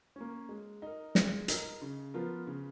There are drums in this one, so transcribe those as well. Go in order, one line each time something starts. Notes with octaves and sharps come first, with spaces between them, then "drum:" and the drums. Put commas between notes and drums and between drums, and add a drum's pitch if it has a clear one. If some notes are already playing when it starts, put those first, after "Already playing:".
A#3 C#4
G#3
D#4 A#4
G#3, drum: snare
D#4 A#4, drum: hi-hat
C#3
F3 B3 F4 A#4
C#3